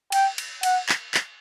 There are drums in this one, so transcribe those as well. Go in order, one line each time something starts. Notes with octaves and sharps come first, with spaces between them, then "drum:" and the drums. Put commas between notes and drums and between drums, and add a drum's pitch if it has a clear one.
G5, drum: cymbal
drum: cymbal
F#5, drum: cymbal
drum: clap
drum: clap